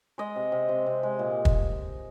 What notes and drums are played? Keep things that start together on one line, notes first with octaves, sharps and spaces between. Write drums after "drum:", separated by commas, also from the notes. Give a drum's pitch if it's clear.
G#3 D#5
C3
C3
C3
C3
G#3
A#2
drum: kick